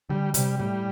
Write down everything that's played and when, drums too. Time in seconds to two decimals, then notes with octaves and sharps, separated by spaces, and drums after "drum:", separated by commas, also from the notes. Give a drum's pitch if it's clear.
0.09 D3 G3
0.34 C3 G3, drum: hi-hat
0.60 A2 G3